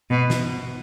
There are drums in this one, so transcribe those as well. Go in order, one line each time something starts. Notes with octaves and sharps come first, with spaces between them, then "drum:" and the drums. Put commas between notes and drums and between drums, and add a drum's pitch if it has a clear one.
B2
drum: snare